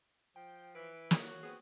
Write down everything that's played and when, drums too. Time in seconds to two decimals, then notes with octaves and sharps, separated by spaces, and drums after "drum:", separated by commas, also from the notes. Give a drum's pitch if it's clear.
0.36 F3 G5
0.75 E3 B4 D7
1.11 G#3 C#5, drum: snare
1.23 F#4
1.42 B3 C4 G#4